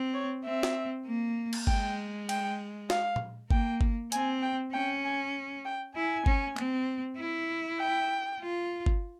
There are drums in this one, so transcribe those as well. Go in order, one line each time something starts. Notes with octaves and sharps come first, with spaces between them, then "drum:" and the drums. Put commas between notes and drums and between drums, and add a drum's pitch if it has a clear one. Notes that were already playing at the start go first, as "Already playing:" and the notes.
Already playing: C4
C#5
C4 E5
drum: snare
A#3
drum: cymbal
G#3 G5, drum: kick G1
G5, drum: cymbal
F5, drum: snare
drum: tom A#2
A#3 G5, drum: kick G1
drum: kick G1
C4 G#5, drum: hi-hat
G5
C#4 G5
G#5
G5
E4 G#5
C#4, drum: kick G1
C4, drum: clap
E4
G5
F4
drum: kick G1